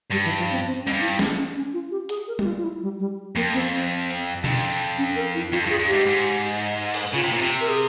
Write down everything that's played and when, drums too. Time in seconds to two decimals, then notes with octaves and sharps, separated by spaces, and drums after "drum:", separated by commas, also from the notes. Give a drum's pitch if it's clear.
0.11 G2 G3
0.25 E3
0.39 F3
0.51 C4
0.66 C4
0.84 C#4
0.87 G#2
0.93 G2
1.01 E4
1.19 C#4, drum: snare
1.37 C#4
1.56 C#4
1.74 F4
1.91 G4
2.09 G#4, drum: hi-hat
2.28 A#4
2.39 G4, drum: tom G3
2.45 F4
2.58 F4
2.64 E4
2.82 G3
3.00 G3
3.35 F2 A#3
3.54 C4
3.72 C4
4.11 drum: hi-hat
4.44 F2, drum: tom B2
4.98 C#4
5.16 A#4
5.35 E4
5.48 E4
5.52 F2 F4
5.66 G2
5.70 G#4
5.79 G2
5.88 G#2 G4
6.06 G#2
6.94 drum: cymbal
7.14 C#3 F4
7.23 C3
7.33 A#2
7.42 C3
7.61 A#4
7.69 G#4